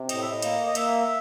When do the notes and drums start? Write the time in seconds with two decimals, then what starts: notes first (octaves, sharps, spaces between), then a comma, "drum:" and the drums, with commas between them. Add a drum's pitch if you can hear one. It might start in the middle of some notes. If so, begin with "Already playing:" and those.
Already playing: C3
0.09 A2 D#5, drum: cymbal
0.21 E5
0.32 D#5
0.43 A#3, drum: cymbal
0.66 D#5
0.75 A#3 E5, drum: cymbal